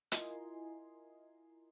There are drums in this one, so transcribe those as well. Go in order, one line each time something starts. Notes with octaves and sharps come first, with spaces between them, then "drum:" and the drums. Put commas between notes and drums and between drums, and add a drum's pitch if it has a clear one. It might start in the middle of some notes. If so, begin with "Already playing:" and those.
E4 F4 A#4 D#5 G#5 C6, drum: hi-hat